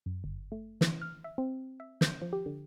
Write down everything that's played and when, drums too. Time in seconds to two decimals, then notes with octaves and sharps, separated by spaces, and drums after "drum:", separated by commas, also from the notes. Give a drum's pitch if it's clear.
0.06 F#2
0.24 G1
0.52 A3
0.81 E3, drum: snare
1.02 F6
1.24 E5
1.38 C4
1.80 E5
2.01 G6, drum: snare
2.22 F3
2.33 G4
2.46 D3